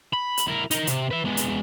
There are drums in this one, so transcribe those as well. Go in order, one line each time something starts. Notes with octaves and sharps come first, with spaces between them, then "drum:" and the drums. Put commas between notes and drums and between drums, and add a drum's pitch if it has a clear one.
B5
drum: hi-hat
E4 A#4
D#4 A#4, drum: hi-hat
C3, drum: hi-hat
B4 E5
G#3 B3
drum: hi-hat